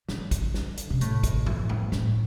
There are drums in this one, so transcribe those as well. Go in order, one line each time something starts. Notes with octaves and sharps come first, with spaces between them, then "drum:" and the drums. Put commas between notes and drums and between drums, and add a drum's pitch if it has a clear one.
D3, drum: snare
drum: kick, hi-hat
drum: snare
drum: hi-hat
C3
A2, drum: hi-hat
drum: kick, hi-hat
drum: tom G2
drum: tom G2
A2, drum: snare